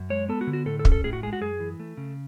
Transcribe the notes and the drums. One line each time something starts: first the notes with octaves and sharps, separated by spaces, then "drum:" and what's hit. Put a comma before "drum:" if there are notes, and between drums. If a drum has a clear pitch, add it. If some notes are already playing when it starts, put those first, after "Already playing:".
Already playing: F#2
G#3 C#5
B3 A4
F#4
D3
F#4
A2 A4
A4
C#4, drum: kick
A4
A2 G#4
F#4
G#3 G#4
F#4
F#2 G#4
E3
A3
C#3